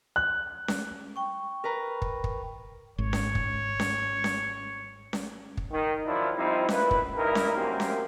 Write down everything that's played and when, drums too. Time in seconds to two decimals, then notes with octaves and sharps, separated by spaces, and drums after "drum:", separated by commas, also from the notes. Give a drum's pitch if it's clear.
0.16 F#6
0.68 drum: snare C#4
1.16 G5 C#6
1.64 A#4 B4 A#5
2.02 drum: kick
2.24 drum: kick
2.98 G#1 C#5
3.13 drum: snare C#4
3.35 drum: kick
3.80 drum: snare C#4
4.24 drum: snare C#4
5.13 drum: snare C#4
5.57 drum: kick
5.71 D#3
6.06 D#3 F3 F#3 D4 E4
6.36 F3 G3 C4 D#4 E4
6.69 A#1 E4 B4, drum: snare C#4
6.91 drum: kick
7.16 G2 D#4 E4 A#4
7.35 drum: snare C#4
7.55 F#2 C3 A#3 G4
7.80 drum: snare C#4